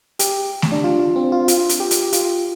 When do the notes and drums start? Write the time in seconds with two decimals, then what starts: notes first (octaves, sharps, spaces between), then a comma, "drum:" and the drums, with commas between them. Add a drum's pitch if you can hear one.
0.19 G4, drum: hi-hat
0.62 drum: snare A3
0.72 D4
0.84 F4
1.00 F4
1.16 C4
1.32 F4
1.48 F4, drum: hi-hat
1.69 drum: hi-hat
1.80 G4
1.91 drum: hi-hat
2.13 F4, drum: hi-hat